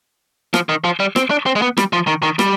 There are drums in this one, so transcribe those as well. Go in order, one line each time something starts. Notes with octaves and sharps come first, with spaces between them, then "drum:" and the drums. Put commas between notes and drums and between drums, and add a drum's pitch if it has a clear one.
F3, drum: rim click
D#3
F3
G3
C4, drum: rim click
D4
C4
G#3
B3
G3, drum: rim click
F3
D#3
D#3
G3, drum: rim click